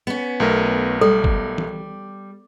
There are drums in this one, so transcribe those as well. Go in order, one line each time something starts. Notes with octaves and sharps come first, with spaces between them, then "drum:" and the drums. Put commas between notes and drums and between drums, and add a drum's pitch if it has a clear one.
B3 C#4
B1 A3 A#4
G3 A4
drum: kick G1
drum: tom